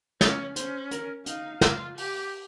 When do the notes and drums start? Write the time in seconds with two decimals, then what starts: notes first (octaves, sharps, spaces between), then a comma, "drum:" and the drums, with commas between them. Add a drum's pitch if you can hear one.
0.21 C#4 C#5, drum: snare
0.56 C#4 C5, drum: hi-hat
0.91 A#4, drum: hi-hat
1.26 D#4 F5, drum: hi-hat
1.61 F4, drum: snare
1.98 G4, drum: open hi-hat